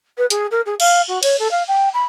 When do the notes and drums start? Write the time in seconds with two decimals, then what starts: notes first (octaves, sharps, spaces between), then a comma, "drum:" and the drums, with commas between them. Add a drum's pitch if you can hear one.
0.18 B4
0.30 G#4, drum: hi-hat
0.51 A#4
0.66 G#4
0.80 F5, drum: cymbal
1.08 F#4
1.23 C#5, drum: cymbal
1.39 A4
1.51 F5
1.68 G5
1.94 B5